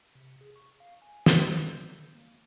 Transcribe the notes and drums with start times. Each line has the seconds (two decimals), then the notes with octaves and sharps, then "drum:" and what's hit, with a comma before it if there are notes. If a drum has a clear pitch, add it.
0.15 C3
0.41 G#4
0.56 C#6
0.80 F5
1.02 G#5
1.26 G#4, drum: snare
1.45 A#5
1.59 E6
1.72 G6
1.95 D3
2.15 A#3